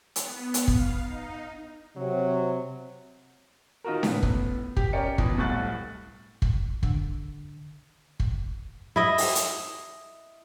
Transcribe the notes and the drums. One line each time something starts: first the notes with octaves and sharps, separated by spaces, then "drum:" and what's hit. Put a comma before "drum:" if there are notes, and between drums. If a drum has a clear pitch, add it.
B3, drum: hi-hat
drum: hi-hat
F5, drum: kick
D#4
C3 F#3
D#3 D#4 F4 F#4 A#4
A2 B3, drum: snare C#4
drum: kick
G4, drum: kick
C#4 A#4 D5 G5 C#7
B2 E3, drum: kick
D1 C2 A2 C#6 F#6 A6
drum: kick
D3, drum: kick
drum: kick
E4 D#5
drum: open hi-hat
drum: hi-hat